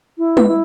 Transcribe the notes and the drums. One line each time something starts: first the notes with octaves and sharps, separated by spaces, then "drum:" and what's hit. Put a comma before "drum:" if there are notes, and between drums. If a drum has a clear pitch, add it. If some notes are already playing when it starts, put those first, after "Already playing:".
E4
B4, drum: tom
E4